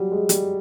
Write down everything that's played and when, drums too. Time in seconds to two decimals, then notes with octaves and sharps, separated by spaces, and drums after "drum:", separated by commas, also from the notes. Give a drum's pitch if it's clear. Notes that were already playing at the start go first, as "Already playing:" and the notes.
Already playing: F#3 G3
0.12 G#3
0.29 G3, drum: hi-hat